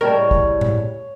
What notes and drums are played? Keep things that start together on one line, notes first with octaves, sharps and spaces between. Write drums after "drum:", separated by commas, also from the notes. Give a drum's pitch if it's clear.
A2 C#3 G3 A#4 C#5 D#5 G5 A5
drum: kick
drum: tom A2